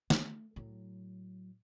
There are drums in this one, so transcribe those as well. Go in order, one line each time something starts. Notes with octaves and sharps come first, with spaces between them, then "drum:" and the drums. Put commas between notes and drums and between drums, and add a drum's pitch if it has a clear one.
A3, drum: snare
A2 F#3